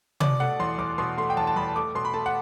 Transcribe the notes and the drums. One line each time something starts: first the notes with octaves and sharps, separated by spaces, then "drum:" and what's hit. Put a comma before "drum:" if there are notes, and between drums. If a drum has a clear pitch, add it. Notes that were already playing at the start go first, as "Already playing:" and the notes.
B2 D5, drum: tom
A3 F#5
E2 C6
E2 D6
B2 C6
A3 C6
G5
E2 A5
A5
E2 B5
A3 D6
B2 C6
B5
A3 A5
F#5